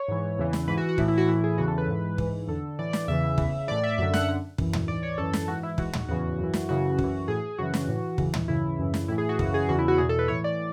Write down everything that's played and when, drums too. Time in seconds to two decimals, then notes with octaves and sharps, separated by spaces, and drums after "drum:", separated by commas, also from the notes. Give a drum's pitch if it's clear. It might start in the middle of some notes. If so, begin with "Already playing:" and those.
Already playing: C#5
0.08 G#2 E3
0.38 E2 C#3 E3
0.53 drum: snare
0.67 G#2 E3 B4
0.77 F#4
0.89 F#4
0.98 A2 E3 E4, drum: kick
1.08 E4
1.18 F#4
1.29 A2 E3 E4
1.44 G#4
1.58 E2 C#3 E3 F#4
1.68 A4
1.78 B4
1.88 G#2 E3
2.18 G#2 E3, drum: kick
2.48 E2 D3 A4
2.79 A2 E3 D5
2.93 drum: snare
3.08 E2 C#3 E3 E5
3.38 E2 C#3 E3, drum: kick
3.68 A2 E3 D5
3.83 E5
3.98 F#2 D3 E5
4.14 F#5, drum: snare
4.28 F#2 D3
4.58 F#2 E3, drum: kick
4.73 drum: tom
4.88 G#2 E3 D5
5.03 C#5
5.18 F#2 E3 A4
5.33 drum: snare
5.48 G#2 E3 F#4
5.63 E4
5.78 G#2 E3 F#4, drum: kick
5.93 drum: tom
6.08 E2 C#3 E3 F#4
6.39 F#2 E3
6.53 drum: snare
6.69 F#2 C#3 E3 F#4
6.99 F#2 E3, drum: kick
7.28 A2 E3 G#4
7.58 F#2 C#3 E3 F#4
7.74 drum: snare
7.88 A2 E3
8.18 F#2 C#3 E3, drum: kick
8.34 drum: tom
8.48 F#2 C#3 E3 E4
8.79 F#2 C#3 E3
8.94 drum: snare
9.08 A2 E3 E4
9.18 G#4
9.29 F#4
9.39 F#2 C#3 E3 F#4, drum: kick
9.54 G#4
9.69 E2 C#3 E3 F#4
9.79 E4
9.88 F#4
9.98 E2 B2 G#4
10.09 A4
10.19 B4
10.28 A2 E3 C#5
10.44 D5